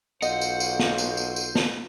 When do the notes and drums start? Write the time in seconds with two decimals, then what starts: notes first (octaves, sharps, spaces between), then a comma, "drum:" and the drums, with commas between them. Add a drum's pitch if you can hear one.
0.22 B1 F4 A4 C5 D#5 F#5, drum: tambourine
0.41 drum: tambourine
0.60 drum: tambourine
0.79 drum: snare
0.98 drum: tambourine
1.17 drum: tambourine
1.36 drum: tambourine
1.55 drum: snare